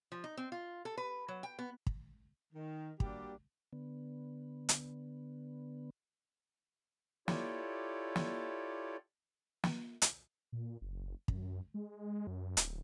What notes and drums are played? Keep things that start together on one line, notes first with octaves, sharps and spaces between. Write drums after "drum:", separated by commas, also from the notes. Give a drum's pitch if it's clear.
F3
D#4
C4
F4
A4
B4
F#3
G5
B3
drum: kick
D#3
G3 A#3 D4 F#4 G4, drum: kick
D3 B3
drum: hi-hat
E4 F4 G4 A4 C#5 D5, drum: snare
drum: snare
drum: snare
drum: hi-hat
A#2
F#1
F#2, drum: kick
G#3
F#2
D1, drum: hi-hat